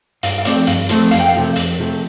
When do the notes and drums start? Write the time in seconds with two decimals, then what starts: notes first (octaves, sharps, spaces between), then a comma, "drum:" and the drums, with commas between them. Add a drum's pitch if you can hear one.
0.23 G2 F5, drum: hi-hat
0.38 F5
0.45 F3 A3 C4 D5, drum: hi-hat
0.67 G2 F5, drum: hi-hat
0.89 F3 A3 C4, drum: hi-hat
1.11 F2 F5, drum: hi-hat
1.20 G5
1.29 F5
1.35 C3 F3 A3
1.56 F2, drum: hi-hat
1.79 C3 F3 A3